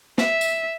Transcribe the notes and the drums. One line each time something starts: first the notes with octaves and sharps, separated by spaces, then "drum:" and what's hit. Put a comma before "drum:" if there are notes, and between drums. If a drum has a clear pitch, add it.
E5, drum: snare
drum: tambourine